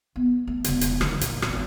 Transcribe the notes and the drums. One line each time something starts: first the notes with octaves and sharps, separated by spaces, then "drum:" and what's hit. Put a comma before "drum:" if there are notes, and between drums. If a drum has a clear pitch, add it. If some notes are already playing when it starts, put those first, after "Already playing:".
B3
A3
E1 C#3, drum: hi-hat
drum: hi-hat
D#3 F#3, drum: rim click
A#2, drum: hi-hat
G#1 E2, drum: rim click